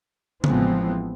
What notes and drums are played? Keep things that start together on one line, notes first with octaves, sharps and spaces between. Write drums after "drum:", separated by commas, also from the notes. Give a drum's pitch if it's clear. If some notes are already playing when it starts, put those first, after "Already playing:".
A1 E3 F3 G#3 B3 C4, drum: tom C#3